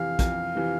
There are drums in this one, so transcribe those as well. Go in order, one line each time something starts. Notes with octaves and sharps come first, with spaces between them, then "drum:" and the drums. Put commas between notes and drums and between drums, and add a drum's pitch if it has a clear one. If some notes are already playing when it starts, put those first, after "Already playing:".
Already playing: F2 C3 E3 F5
F2, drum: kick, hi-hat
C3 E3